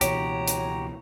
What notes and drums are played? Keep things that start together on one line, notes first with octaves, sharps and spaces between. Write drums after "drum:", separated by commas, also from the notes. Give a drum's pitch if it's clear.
C#2 B2 E3 F#4 G4 C#5 A#5, drum: hi-hat
drum: hi-hat